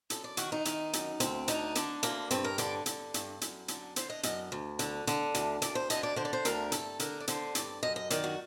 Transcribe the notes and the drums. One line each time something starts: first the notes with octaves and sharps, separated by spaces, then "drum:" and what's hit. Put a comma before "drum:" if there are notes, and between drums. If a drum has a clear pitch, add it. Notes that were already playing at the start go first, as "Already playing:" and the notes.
F#2 A4, drum: hi-hat
D5
D#3 F#4, drum: hi-hat
D#4
D#3, drum: hi-hat
F#2, drum: hi-hat
D2 C4, drum: hi-hat
D3 D#4, drum: hi-hat
D3 D4, drum: hi-hat
D2 A#3, drum: hi-hat
G2 C4, drum: hi-hat
A#4
D3 D5, drum: hi-hat
D3, drum: hi-hat
G2, drum: hi-hat
F#2, drum: hi-hat
D3, drum: hi-hat
D3 C5, drum: hi-hat
D#5
F#2 D#5, drum: hi-hat
D2
D3, drum: hi-hat
D3, drum: hi-hat
D2, drum: hi-hat
D2 D5, drum: hi-hat
C5
D3 D#5, drum: hi-hat
D5
D3 C5
D5
C5
D2 A#4, drum: hi-hat
G2 A4, drum: hi-hat
D3 A#4, drum: hi-hat
D5
D3 C5, drum: hi-hat
G2 D5, drum: hi-hat
F#2 D#5
D#5
D#3 D5, drum: hi-hat
F#4